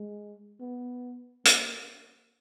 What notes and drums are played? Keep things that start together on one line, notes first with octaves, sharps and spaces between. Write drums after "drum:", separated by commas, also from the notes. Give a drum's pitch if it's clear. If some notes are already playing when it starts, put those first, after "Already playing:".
Already playing: G#3
B3
A#3, drum: hi-hat